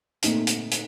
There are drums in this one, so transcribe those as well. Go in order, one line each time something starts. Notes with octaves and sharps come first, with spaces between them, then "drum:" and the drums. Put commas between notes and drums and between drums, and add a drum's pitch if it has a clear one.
A#2 A3 C4 D#4 A4, drum: hi-hat
drum: hi-hat
drum: hi-hat